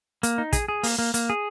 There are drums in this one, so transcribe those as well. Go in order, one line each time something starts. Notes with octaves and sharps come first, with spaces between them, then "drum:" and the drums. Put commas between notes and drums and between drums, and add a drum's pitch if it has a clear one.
A#3, drum: hi-hat
D#4
G#4, drum: kick, hi-hat
G#4
A#3, drum: open hi-hat
A#3
A#3, drum: hi-hat
G#4